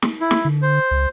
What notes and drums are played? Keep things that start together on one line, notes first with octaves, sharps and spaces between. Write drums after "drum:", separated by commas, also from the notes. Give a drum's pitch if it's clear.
drum: snare
E4
drum: snare
D3
C5
C#2